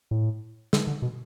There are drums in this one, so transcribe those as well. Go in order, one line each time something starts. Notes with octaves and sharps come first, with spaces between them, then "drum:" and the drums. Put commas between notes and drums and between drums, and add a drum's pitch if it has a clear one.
A2
D3, drum: snare
D3
B2